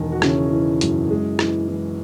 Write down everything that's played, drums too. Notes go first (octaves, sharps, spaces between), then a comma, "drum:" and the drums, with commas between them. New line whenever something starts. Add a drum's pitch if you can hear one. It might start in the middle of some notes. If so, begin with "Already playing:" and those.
Already playing: E1 D#3
F#4
C#3 C#4 E4, drum: rim click
E3
F#2, drum: hi-hat
G#3
E3, drum: rim click
E3